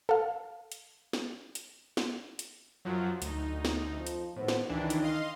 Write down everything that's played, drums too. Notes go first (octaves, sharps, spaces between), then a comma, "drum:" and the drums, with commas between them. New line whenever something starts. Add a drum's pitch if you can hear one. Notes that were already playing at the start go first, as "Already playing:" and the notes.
A4 F5
drum: hi-hat
drum: snare
drum: hi-hat
drum: snare
drum: hi-hat
F#2 F3 F#3
D2 D#4, drum: hi-hat
drum: snare
F2 F3
drum: hi-hat
G#1 A2 B3 C5
drum: snare
C#2 D#3 E3 D4
drum: hi-hat
D#5 F5 C6